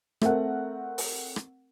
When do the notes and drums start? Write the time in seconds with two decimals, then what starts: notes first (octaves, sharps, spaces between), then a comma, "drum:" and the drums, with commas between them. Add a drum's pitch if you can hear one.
0.21 A3 C4 A#4 F#5, drum: rim click
0.98 drum: open hi-hat
1.36 drum: rim click